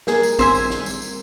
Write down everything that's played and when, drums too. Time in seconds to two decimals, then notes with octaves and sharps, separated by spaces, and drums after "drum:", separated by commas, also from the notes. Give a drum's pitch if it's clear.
0.07 A#3 G#4, drum: snare
0.23 drum: tambourine
0.39 C4 C5 E5 G#5, drum: kick A#1, tambourine
0.55 drum: tambourine
0.70 drum: snare
0.86 drum: tambourine
1.02 drum: tambourine